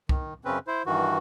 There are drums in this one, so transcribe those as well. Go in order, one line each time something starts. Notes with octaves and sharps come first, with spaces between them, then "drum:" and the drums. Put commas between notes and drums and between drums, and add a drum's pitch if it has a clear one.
D#3, drum: kick C2
F#2 C#3 C4 C#4 B4
E4 C5
G2 D#3 E3 F#4